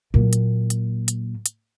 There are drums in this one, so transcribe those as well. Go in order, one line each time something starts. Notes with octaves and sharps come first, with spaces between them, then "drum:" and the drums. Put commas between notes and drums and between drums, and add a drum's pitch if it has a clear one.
A#2 F#3
drum: hi-hat
drum: hi-hat
drum: hi-hat
drum: hi-hat